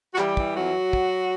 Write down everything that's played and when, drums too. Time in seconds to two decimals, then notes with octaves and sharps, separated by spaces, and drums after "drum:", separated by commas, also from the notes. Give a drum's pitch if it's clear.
0.14 F#4
0.18 E3 G3 G4, drum: clap
0.37 E3, drum: kick
0.56 F2 F#3 F#4
0.93 drum: kick